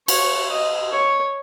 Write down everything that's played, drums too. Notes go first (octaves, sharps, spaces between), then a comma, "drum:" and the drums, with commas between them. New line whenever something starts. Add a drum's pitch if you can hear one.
C#5, drum: cymbal
D#5
C#5